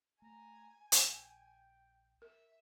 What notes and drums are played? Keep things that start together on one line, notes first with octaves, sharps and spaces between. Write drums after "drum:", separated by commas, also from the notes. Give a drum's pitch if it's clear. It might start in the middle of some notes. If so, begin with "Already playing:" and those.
A3 G#5 A#5
A#1 G5, drum: hi-hat
A#4 E5